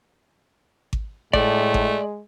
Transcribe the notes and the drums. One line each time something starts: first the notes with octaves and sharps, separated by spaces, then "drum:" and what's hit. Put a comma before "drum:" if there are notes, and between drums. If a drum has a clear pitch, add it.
drum: kick G#1
A2 G#3 A3 D5, drum: kick G#1
drum: kick G#1